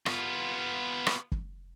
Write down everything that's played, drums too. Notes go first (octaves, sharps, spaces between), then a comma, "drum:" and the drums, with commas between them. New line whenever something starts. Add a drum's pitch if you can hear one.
B3 F4, drum: rim click
drum: rim click
drum: kick